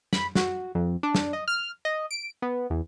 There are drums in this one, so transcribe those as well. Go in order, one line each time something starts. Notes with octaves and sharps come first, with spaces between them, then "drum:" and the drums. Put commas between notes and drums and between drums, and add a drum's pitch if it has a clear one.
B5, drum: snare
F#4, drum: snare
F2
D4
drum: snare
D#5
F6
D#5
D7
B3
E2